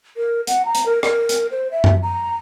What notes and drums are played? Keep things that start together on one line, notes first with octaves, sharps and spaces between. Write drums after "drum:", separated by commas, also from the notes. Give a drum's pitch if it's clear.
A#4
F#5, drum: hi-hat
A#5
drum: hi-hat
A#4
A#4, drum: rim click
drum: hi-hat
C5
E5
drum: tom F#2
A#5